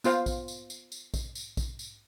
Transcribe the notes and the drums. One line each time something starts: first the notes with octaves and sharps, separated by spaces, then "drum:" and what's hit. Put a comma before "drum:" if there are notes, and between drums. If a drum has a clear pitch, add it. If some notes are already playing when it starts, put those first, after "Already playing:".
B3 F4 C5 F5, drum: tambourine
drum: kick A#1, tambourine
drum: tambourine
drum: tambourine
drum: tambourine
drum: kick A#1, tambourine
drum: tambourine
drum: kick A#1, tambourine
drum: tambourine